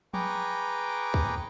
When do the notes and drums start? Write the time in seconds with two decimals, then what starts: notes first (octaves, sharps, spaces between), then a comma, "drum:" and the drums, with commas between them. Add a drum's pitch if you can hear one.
0.14 G#4 B4 G5 A#5 C#6 D6, drum: tom F3
1.14 drum: kick